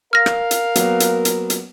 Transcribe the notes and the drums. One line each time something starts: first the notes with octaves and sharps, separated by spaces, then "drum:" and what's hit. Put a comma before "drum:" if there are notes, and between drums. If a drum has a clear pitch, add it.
A#4 F5 F6 A#6
drum: rim click
drum: hi-hat
F#3 A#3 B3, drum: hi-hat
drum: hi-hat
drum: hi-hat
drum: hi-hat